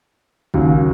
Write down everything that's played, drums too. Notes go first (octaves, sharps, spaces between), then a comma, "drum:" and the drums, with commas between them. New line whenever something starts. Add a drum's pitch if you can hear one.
D#2 C#3 F#3, drum: kick G#1